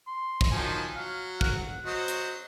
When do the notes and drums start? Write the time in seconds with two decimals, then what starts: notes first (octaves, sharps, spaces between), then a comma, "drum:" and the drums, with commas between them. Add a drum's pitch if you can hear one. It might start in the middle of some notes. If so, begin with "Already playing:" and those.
0.07 C6
0.41 drum: kick
0.51 D#3 F3 F#3 G#5
0.96 F#3 F5
1.41 F#5, drum: kick
1.86 F#3 C5 D#5
2.08 drum: hi-hat